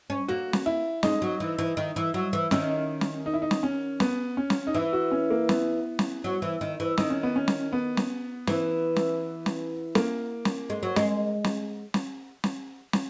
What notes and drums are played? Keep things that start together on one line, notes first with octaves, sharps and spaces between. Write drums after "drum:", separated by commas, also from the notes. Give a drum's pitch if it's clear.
C#4
A#3 F#4
drum: snare
E4
G#3 D#4, drum: snare
F#3
E3
E3
D#3
E3
F#3
E3
D#3 C#4, drum: snare
drum: snare
D#4
E4
D#4
drum: snare
C#4
B3, drum: snare
C#4
drum: snare
D#4
E3 E4
F#4
C#4
A#3
B3, drum: snare
drum: snare
F#3
E3
D#3
E3
D#3 D#4, drum: snare
C#4
B3
C#4
drum: snare
B3
drum: snare
E3, drum: snare
drum: snare
drum: snare
A#3, drum: snare
drum: snare
G#3
F#3
G#3, drum: snare
drum: snare
drum: snare
drum: snare
drum: snare